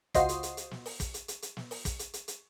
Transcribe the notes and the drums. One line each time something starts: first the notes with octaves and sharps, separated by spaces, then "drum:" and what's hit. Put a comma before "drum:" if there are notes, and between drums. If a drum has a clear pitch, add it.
C#2 F4 F#4 C5 D#5 C7, drum: kick, hi-hat
drum: hi-hat
drum: hi-hat
drum: hi-hat
drum: snare
drum: open hi-hat
drum: kick, hi-hat
drum: hi-hat
drum: hi-hat
drum: hi-hat
drum: snare
drum: open hi-hat
drum: kick, hi-hat
drum: hi-hat
drum: hi-hat
drum: hi-hat